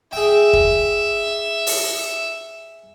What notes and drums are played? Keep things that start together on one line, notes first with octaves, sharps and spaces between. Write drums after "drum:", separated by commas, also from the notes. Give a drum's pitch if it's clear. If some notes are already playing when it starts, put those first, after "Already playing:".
G#4 E5 G5
drum: kick
drum: open hi-hat